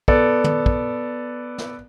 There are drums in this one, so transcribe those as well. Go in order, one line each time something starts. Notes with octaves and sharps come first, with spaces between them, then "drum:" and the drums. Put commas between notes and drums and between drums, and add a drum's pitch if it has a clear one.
B3 A4 D5, drum: kick
drum: tom
drum: kick
drum: snare